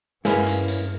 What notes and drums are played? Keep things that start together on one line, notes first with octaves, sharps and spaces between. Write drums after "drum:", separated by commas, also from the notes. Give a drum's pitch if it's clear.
G2 A#3 C#4 E4 B4, drum: snare
drum: hi-hat
drum: hi-hat